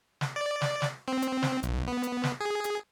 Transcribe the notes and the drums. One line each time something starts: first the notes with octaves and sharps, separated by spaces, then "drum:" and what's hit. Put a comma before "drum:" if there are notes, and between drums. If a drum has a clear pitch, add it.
drum: snare
D5
drum: snare
drum: snare
C4
drum: hi-hat
drum: snare
B1, drum: hi-hat
B3
drum: hi-hat
drum: snare
G#4
drum: hi-hat